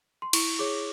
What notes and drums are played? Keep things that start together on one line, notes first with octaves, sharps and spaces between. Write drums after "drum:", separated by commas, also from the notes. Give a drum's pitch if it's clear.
C6
E4 C#6, drum: cymbal
G#4 C#5 D6